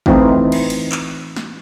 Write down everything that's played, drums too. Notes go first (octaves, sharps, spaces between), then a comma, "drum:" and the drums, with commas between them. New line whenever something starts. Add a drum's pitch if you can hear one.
E3 A3 C4 D#4 F4, drum: kick
drum: cymbal
drum: cymbal
drum: clap
drum: snare